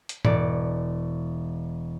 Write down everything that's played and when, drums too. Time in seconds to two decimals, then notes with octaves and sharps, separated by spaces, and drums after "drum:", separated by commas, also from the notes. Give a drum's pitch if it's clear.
0.09 drum: hi-hat
0.25 E1 D5 C#7, drum: tom G#2